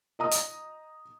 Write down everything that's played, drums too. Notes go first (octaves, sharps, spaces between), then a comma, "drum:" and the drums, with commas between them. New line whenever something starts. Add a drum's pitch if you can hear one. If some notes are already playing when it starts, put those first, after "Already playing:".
D#5 A#5 D#6
drum: hi-hat